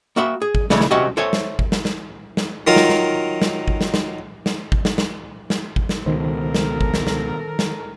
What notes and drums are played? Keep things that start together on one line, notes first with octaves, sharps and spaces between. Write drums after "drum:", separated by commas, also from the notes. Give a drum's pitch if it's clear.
A#3 F#4 E5 B5
G#4
drum: kick G#1
A#2 C#3 E3 G#3 A3, drum: snare
drum: snare
C2 C#4 F#4 G4 D#5 E5
A4 C5 C#5 E5 G#5
drum: snare
drum: kick G#1
drum: snare
drum: snare
drum: snare
D#3 F#3 F4 A#4
drum: snare
drum: snare
drum: snare
drum: kick G#1
drum: snare
drum: snare
drum: snare
drum: kick G#1
drum: snare
drum: snare
drum: snare
drum: kick G#1
drum: snare
C#2 B2 D#3 A4 A#4 C5
drum: snare
drum: kick G#1
drum: snare
drum: snare
drum: snare